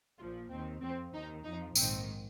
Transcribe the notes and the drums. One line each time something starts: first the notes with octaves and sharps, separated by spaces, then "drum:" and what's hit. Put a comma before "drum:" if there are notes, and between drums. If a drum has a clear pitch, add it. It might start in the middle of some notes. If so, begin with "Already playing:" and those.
A#1 A#2 F3 F4
D#2 D#3 C4
F2 F3 C4
D#2 D#3 D#4
F2 F3 D#4
A#1 G#2 D#3 C4, drum: tambourine